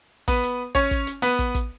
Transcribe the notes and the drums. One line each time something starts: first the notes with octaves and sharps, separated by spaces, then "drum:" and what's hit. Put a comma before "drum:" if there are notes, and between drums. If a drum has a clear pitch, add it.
B3 B4, drum: kick, hi-hat
drum: hi-hat
C#4 C#5, drum: kick, hi-hat
drum: kick, hi-hat
drum: hi-hat
B3 B4, drum: hi-hat
drum: kick, hi-hat
drum: kick, hi-hat